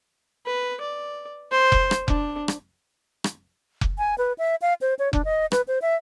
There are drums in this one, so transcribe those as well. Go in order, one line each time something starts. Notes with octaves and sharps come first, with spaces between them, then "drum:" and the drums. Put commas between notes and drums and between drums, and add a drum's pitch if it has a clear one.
B4
D5
C5
drum: kick F1
drum: rim click
D4, drum: kick F1
drum: rim click
drum: rim click
drum: kick F1
G#5
B4
E5
F5
C5
C#5
D4, drum: kick F1
D#5
B4, drum: rim click
C5
E5